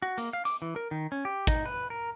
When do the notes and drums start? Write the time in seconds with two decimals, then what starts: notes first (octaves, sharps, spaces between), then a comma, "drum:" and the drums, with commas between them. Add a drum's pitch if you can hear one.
0.02 F#4
0.18 A#3, drum: hi-hat
0.33 F5
0.45 D6, drum: hi-hat
0.62 E3
0.76 A#4
0.91 D#3
1.12 C#4
1.25 G4
1.47 D#4, drum: kick, hi-hat
1.66 B4
1.90 A#4